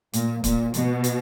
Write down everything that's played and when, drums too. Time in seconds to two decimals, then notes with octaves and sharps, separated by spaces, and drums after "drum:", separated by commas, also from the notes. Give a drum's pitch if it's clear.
0.13 A#2, drum: hi-hat
0.44 A#2, drum: kick C#1, hi-hat
0.74 B2, drum: hi-hat
1.04 drum: hi-hat